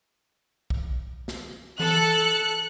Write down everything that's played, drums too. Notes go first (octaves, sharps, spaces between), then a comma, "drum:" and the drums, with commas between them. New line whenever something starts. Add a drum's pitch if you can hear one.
drum: kick B1
drum: snare
A4 F#6 C#7, drum: tom E3